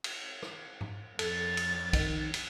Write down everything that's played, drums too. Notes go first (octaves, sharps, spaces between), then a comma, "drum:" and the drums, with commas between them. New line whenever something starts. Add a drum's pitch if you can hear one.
drum: cymbal
drum: rim click
drum: tom
F2 A4 A6, drum: cymbal
drum: cymbal
D#3, drum: kick B1, cymbal
drum: cymbal